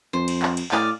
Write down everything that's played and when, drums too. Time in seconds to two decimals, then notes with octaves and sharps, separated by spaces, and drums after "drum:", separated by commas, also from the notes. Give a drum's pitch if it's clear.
0.13 F2 C5
0.28 drum: cymbal
0.42 drum: clap
0.57 drum: cymbal
0.72 A2 D5 D#5 F5, drum: clap